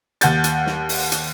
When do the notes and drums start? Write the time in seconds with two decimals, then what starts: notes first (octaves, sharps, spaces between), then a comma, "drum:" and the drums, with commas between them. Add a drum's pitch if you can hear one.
0.21 D#2 F#5 G6 A6, drum: hi-hat
0.44 drum: hi-hat
0.66 drum: snare
0.89 drum: open hi-hat
1.12 drum: hi-hat